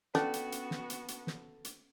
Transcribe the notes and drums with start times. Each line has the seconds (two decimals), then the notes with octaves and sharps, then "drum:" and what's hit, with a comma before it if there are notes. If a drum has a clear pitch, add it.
0.15 B3 C#4 D4 F#4 A4, drum: snare
0.34 drum: hi-hat
0.52 drum: hi-hat
0.71 drum: snare
0.90 drum: hi-hat
1.08 drum: hi-hat
1.27 drum: snare
1.65 drum: hi-hat